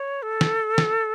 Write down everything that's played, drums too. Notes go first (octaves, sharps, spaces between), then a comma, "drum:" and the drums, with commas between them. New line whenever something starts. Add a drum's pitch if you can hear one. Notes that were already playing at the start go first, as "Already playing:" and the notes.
Already playing: C#5
A4
drum: snare
drum: snare